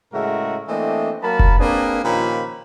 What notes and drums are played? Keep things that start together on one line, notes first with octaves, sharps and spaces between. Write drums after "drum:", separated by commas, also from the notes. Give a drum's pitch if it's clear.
A2 C#3 G#3 F#4 A#4 E5
E3 A3 A#3 C4 D4 D#5
F#3 A#3 A#4 A5 B5
drum: kick F1
A#3 C4 D4 G#4 B4
A#2 D#3 F3 C#4 G4 B5